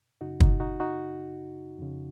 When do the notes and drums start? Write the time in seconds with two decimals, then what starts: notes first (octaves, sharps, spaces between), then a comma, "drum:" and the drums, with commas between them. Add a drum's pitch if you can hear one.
0.21 F#2 C#3 D#4 F#4
0.40 D#4 F#4, drum: kick
0.60 D#4 F#4
0.80 D#4 F#4
1.79 F2 C#3